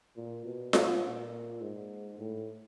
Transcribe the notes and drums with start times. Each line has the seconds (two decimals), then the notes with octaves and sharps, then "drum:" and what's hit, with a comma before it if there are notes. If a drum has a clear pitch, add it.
0.17 A#2
0.46 B2
0.73 drum: snare F4
1.03 A#2
1.61 G#2
2.18 A2